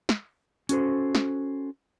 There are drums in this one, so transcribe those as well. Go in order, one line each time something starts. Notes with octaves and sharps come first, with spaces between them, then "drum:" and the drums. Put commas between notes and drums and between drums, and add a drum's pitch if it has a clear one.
drum: snare
C#4 F#4 A4 C5, drum: hi-hat
drum: snare